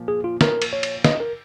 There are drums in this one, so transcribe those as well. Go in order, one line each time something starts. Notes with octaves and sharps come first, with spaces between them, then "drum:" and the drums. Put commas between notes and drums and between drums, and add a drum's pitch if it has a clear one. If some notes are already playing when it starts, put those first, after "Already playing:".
Already playing: A#2 F3
G#4
F4
A#4, drum: snare
drum: cymbal
C#5
drum: cymbal
D#5, drum: snare
A#4